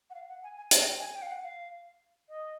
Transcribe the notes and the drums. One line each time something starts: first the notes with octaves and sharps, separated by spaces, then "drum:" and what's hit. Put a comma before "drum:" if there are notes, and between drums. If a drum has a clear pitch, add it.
F#5
F5
F#5
G#5
G#5
A5, drum: hi-hat
G5
G#5
G5
F5
F#5
F5
D#5